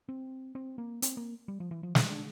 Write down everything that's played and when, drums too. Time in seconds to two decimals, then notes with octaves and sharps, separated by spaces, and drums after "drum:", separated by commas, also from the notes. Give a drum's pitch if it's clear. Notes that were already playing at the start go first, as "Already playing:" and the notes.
0.09 C4
0.55 C4
0.78 A#3
1.02 C4, drum: hi-hat
1.17 A#3
1.48 G3
1.60 F3
1.71 E3
1.83 F3
1.95 G3, drum: snare
2.10 D4